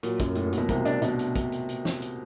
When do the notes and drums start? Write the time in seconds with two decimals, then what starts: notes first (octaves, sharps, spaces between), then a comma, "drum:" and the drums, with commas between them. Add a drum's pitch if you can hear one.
0.03 A#2 F#3, drum: hi-hat
0.20 F#2, drum: kick, hi-hat
0.35 F#2 A2, drum: hi-hat
0.47 A#2
0.53 F#3, drum: hi-hat
0.58 B2
0.69 C2 C3 A#3, drum: kick, hi-hat
0.85 D4, drum: hi-hat
1.02 B2 D4, drum: hi-hat
1.19 drum: hi-hat
1.36 drum: kick, hi-hat
1.52 drum: hi-hat
1.69 drum: hi-hat
1.85 drum: snare
2.02 drum: hi-hat